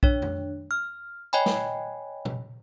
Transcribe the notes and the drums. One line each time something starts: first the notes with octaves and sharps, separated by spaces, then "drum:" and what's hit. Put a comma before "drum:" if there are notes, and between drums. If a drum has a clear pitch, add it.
D4 C#5, drum: kick B1
drum: tom F2
F6
C#5 D#5 G5 G#5 B5
drum: snare
drum: tom B2